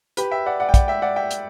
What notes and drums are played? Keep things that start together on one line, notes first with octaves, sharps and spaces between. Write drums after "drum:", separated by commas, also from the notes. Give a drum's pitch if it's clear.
G4 B4, drum: hi-hat
E5 G5
D5 F#5
D5 F#5
G5
D5 F#5, drum: kick, hi-hat
E5 G5
D5 F#5
E5 G5
drum: hi-hat